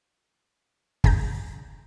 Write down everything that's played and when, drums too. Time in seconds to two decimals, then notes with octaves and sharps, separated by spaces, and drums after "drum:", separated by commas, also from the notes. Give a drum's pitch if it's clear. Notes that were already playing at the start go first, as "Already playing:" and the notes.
1.04 D2 G2 G#4 A#5 G6, drum: kick